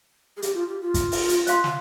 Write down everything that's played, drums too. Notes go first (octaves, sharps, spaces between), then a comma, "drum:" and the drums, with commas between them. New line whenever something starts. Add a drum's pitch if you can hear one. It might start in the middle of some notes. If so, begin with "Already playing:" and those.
G#4
G4, drum: hi-hat
F4
G4
F4
drum: kick, hi-hat
drum: open hi-hat
drum: hi-hat
C5 F5 C6, drum: hi-hat
drum: snare